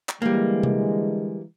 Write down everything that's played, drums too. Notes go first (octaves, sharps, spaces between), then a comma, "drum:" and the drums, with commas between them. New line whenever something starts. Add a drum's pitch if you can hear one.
drum: clap
D3 E3 G3 G#3 A#3
drum: tom C3